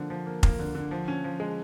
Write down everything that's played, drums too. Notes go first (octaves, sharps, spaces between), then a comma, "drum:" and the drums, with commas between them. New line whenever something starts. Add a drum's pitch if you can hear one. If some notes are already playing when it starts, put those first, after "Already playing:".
Already playing: D3 F3 A#3
F3
A#3
A#3, drum: kick F1
D3
D3
F3
C#4
F3
G#3